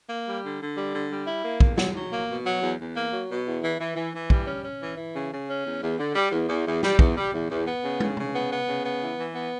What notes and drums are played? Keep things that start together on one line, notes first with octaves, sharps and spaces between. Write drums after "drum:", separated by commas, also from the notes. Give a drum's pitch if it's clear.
A#3
G3
D3
D3
G3
D3
G3
E4
A#3
E2, drum: kick
F#3, drum: snare
F#3
A#3
B2
F#3
E2
E2
A#3
F#3
B2
E2
E3
E3
E3
E3
G3, drum: kick
C#4
C#4
E3
E3
C#3
C#3
C#4
E2
E2
D3
G3
E2
E2
E2
G3, drum: snare
E2, drum: kick
G3
E2
E2
B3
C#3
C#3, drum: tom
C#3, drum: tom C3
B3
B3
C#3
B3
E3
E3
B3